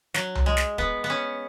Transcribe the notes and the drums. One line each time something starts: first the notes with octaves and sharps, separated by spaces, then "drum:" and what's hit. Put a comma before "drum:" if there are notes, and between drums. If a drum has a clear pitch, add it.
F#3, drum: snare
drum: tom C2
G#3
drum: snare
B3, drum: kick
B3
C#4